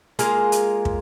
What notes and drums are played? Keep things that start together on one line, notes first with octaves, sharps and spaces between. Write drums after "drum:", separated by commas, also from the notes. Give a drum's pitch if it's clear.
G#3 A#3 F4 G#4, drum: hi-hat
drum: hi-hat
drum: kick